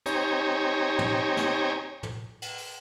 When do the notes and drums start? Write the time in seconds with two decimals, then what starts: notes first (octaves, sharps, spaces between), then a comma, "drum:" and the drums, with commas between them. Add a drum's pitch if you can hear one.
0.06 C4 D#4 G4 C#5 G#5 A#5, drum: hi-hat
0.99 drum: tom
1.37 drum: snare
2.03 drum: tom
2.42 drum: cymbal
2.58 drum: open hi-hat